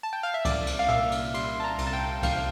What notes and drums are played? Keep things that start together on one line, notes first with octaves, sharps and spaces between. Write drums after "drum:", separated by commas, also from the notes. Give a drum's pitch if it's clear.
A5
G5
F5
E5
C2 D5, drum: kick C#2, cymbal
drum: cymbal
F5
A#2 E5, drum: rim click
drum: cymbal
G3 C6, drum: cymbal
A5
A#5
C2, drum: cymbal
A5
G5
C2 F5, drum: kick C#2, cymbal